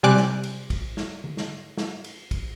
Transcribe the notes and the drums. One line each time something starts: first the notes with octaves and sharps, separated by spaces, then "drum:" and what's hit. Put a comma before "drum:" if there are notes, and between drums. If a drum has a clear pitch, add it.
C3 G3 G#5 D6 F#6
drum: snare
drum: cymbal
drum: kick, cymbal
drum: snare
drum: tom D3
drum: snare
drum: snare
drum: cymbal
drum: kick, cymbal